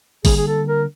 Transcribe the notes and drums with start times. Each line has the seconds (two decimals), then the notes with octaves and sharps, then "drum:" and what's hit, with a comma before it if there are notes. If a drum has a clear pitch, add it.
0.25 D3 G3 A#3 G#4, drum: kick, open hi-hat
0.37 G#4
0.47 A4
0.68 A#4